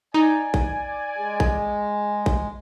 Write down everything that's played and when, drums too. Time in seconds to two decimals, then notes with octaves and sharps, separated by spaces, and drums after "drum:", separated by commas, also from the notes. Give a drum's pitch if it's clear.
0.14 D#4 D5 G#5
0.54 drum: kick A1
1.18 G#3 G#4
1.40 drum: kick A1
2.26 drum: kick A1